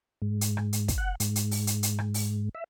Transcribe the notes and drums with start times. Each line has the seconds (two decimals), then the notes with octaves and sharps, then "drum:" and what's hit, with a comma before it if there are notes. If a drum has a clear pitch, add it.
0.22 G#2
0.41 drum: hi-hat
0.57 drum: rim click
0.73 drum: hi-hat
0.88 drum: kick, hi-hat
0.98 F#5
1.20 G#2, drum: hi-hat
1.36 drum: hi-hat
1.51 drum: open hi-hat
1.67 drum: hi-hat
1.83 drum: hi-hat
1.99 drum: rim click
2.14 drum: open hi-hat
2.55 E5